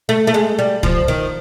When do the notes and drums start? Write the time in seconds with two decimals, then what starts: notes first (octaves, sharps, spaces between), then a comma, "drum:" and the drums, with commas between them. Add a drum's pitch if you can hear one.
0.09 A3
0.27 A3
0.34 G#3
0.59 G3
0.83 F3, drum: kick
1.08 D#3